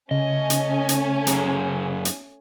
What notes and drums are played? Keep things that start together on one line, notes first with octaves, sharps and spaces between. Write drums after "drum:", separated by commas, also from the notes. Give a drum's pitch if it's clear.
C#3 A3 C#4 D#5 G#5
drum: hi-hat
drum: hi-hat
F#2 G#4 A#5, drum: hi-hat
drum: hi-hat